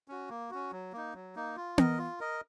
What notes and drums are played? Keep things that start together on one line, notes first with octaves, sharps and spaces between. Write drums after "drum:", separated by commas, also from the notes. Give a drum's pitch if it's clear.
C#4 F#4
A#3
C#4 F#4
F#3
A#3 D#4
F#3
A#3 D#4
F4
A#4 D#5, drum: tom B3
F4
A#4 D#5